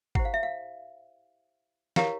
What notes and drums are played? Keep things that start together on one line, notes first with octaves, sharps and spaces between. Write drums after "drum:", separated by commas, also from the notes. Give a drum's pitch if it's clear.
E4 G4 C5 F#5, drum: kick
F5
E5
F5
E4 G4 A#4 C#5 F5, drum: snare